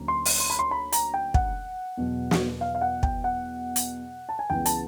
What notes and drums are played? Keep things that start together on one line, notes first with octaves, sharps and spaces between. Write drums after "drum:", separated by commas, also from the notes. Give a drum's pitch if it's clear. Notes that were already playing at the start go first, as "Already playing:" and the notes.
Already playing: D2 F#3 A#3 C#4
C6
drum: open hi-hat
C6
B5
C6
B5
A#5, drum: hi-hat
G5
F#5, drum: kick
E2 B2 F#3
drum: snare
F5
F5
F#5
G5, drum: kick
F#5
drum: hi-hat
A5
G#5
C#2 C#3 E3 G#3 B3 G5
A5, drum: hi-hat